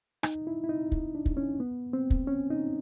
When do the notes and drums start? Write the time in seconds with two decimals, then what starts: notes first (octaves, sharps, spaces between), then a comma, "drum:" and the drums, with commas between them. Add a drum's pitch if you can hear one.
0.23 D#4, drum: rim click
0.47 E4
0.64 E4
0.69 D#4
0.92 drum: kick
1.15 D4
1.26 drum: kick
1.37 C#4
1.60 B3
1.93 C4
2.10 drum: kick
2.27 C#4
2.50 D#4